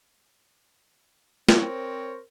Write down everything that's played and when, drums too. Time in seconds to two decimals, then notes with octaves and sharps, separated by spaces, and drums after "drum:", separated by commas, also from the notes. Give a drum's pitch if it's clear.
1.49 C4 A#4 C5 C#5, drum: snare